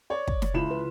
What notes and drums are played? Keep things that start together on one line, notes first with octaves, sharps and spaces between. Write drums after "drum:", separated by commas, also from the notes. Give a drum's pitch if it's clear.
C#5 D5
drum: kick
drum: snare
C#2 C#3 E4 F4 B5 E7
B4